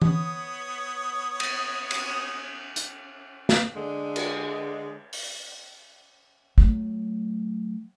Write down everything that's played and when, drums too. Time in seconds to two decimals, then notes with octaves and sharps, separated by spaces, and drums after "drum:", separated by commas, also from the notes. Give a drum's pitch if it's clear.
0.02 B3 C#5 D#6, drum: tom E3
1.40 drum: cymbal
1.91 drum: cymbal
2.76 drum: hi-hat
3.49 drum: snare
3.76 D3 G#3
4.16 drum: cymbal
5.13 drum: open hi-hat
6.58 F#3 A3, drum: kick